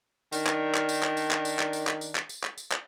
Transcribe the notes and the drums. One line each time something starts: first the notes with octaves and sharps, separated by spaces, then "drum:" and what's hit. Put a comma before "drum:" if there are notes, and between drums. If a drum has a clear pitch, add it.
D#3 D4, drum: tambourine
drum: clap
drum: clap
drum: tambourine
drum: clap
drum: tambourine
drum: clap
drum: tambourine
drum: clap
drum: tambourine
drum: clap
drum: tambourine
drum: clap
drum: tambourine
drum: clap
drum: tambourine
drum: clap